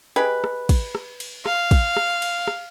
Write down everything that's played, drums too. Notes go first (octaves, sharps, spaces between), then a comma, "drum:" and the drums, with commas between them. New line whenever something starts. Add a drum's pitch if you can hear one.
G#3 G4 B4
drum: rim click
drum: kick, cymbal
drum: rim click
drum: cymbal
F5, drum: rim click
drum: kick, cymbal
drum: rim click
drum: cymbal
drum: rim click